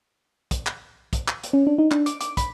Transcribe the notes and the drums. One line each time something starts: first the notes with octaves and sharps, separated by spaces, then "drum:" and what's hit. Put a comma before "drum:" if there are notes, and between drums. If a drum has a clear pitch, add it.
drum: kick, hi-hat
drum: clap
drum: kick, hi-hat
drum: clap
drum: hi-hat
C#4
D4
D#4
D4, drum: clap
D6, drum: hi-hat
D6, drum: hi-hat
B5, drum: kick, hi-hat